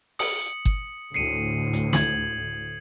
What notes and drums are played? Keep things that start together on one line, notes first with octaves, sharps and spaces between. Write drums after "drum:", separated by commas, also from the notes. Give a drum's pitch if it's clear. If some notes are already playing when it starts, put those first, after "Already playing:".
D#6 C#7 F#7, drum: open hi-hat
drum: kick G1
D2 A2 C7 C#7 D#7
drum: hi-hat
G#6 F#7, drum: snare